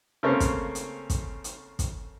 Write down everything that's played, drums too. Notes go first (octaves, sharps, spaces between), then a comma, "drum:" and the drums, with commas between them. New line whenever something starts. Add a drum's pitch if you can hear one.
C#3 A3 A#3 C4 C#4
drum: kick, hi-hat
drum: hi-hat
drum: kick, hi-hat
drum: hi-hat
drum: kick, hi-hat